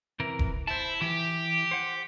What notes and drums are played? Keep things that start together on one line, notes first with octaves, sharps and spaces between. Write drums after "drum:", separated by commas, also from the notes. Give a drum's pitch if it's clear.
C3 E3 A#4
drum: kick E1
E4 C5 A5
E3 G4
C5 F#5